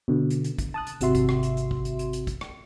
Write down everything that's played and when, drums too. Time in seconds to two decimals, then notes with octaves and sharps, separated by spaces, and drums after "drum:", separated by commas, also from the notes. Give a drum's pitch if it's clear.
0.08 B2 D3
0.30 drum: hi-hat
0.44 drum: hi-hat
0.58 drum: kick, hi-hat
0.74 A5 D#6 F#6
0.87 drum: hi-hat
1.01 G#1 C3 F#4 E5 C6, drum: hi-hat
1.15 drum: kick, hi-hat
1.29 drum: rim click
1.43 drum: hi-hat
1.57 drum: hi-hat
1.71 drum: kick
1.85 drum: hi-hat
1.99 drum: hi-hat
2.13 drum: hi-hat
2.27 drum: kick, hi-hat
2.41 drum: rim click